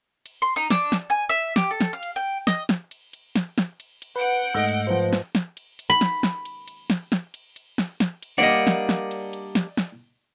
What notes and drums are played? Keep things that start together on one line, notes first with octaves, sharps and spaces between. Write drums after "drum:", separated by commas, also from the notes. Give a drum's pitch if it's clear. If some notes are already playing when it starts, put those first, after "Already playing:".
drum: cymbal
C6
D#4
D4, drum: snare
drum: snare
G#5
E5
G4, drum: snare
A4
drum: snare
F5
drum: cymbal
G5
D#5, drum: snare
drum: snare
drum: cymbal
drum: cymbal
drum: snare
drum: snare
drum: cymbal
drum: cymbal
B4 F#5 G6 D7
G#2 A3 D#5 E6 A#6
drum: cymbal
F3 B4 C5
drum: snare
drum: snare
drum: cymbal
drum: cymbal
B5
drum: snare
drum: snare
drum: cymbal
drum: cymbal
drum: snare
drum: snare
drum: cymbal
drum: cymbal
drum: snare
drum: snare
drum: cymbal
G3 A#3 D4 D5 D#5 F#5
drum: snare
drum: snare
drum: cymbal
drum: cymbal
drum: snare
drum: snare